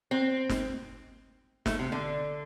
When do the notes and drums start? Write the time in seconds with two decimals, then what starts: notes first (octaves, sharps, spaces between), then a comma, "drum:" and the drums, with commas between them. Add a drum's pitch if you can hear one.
0.11 C4
0.49 drum: snare
1.66 A3, drum: snare
1.79 C3
1.92 D3